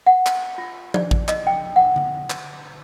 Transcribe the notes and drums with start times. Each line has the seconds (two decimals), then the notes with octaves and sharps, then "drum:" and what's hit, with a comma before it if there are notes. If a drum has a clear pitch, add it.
0.06 F#5
0.26 drum: clap
0.58 F4
0.94 D5, drum: tom F3
1.11 drum: kick
1.28 D#5, drum: clap
1.47 G5
1.76 F#5
1.96 drum: tom D3
2.30 drum: clap